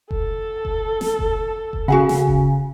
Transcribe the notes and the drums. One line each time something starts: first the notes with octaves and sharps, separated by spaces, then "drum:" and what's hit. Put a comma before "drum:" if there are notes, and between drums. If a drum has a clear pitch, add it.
A4, drum: kick F1
drum: kick F1
drum: snare
drum: kick F1
drum: kick F1
C#3 F#4 G#4 F#5
drum: snare
drum: kick F1